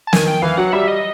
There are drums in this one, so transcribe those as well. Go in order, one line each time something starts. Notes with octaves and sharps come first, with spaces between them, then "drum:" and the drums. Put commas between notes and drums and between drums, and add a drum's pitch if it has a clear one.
A5
D#3 G#5, drum: snare
G5
E3 F5
F#3 F#5
G3 E5
D#5